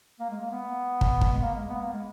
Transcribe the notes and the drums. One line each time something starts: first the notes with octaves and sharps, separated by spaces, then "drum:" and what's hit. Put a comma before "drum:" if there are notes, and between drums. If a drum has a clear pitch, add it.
A#3
G#3
A#3
B3
drum: kick
drum: kick
G#3
A#3
G#3
B3
A#3
G#3